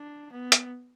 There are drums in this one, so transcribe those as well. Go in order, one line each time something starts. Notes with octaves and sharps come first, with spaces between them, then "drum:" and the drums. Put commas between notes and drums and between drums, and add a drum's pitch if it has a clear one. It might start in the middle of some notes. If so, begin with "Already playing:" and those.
Already playing: D4
B3
drum: hi-hat